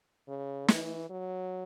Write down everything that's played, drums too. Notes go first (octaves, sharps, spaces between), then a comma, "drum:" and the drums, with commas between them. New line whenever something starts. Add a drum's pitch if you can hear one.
C#3
E3, drum: snare
F#3